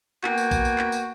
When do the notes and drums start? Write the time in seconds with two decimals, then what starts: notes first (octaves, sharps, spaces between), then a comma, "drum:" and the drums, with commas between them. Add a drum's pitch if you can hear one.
0.24 A#3 B3 F#4 G5 G#5, drum: clap
0.38 drum: tambourine
0.51 drum: kick A#1, tambourine
0.65 drum: tambourine
0.79 drum: clap
0.92 drum: tambourine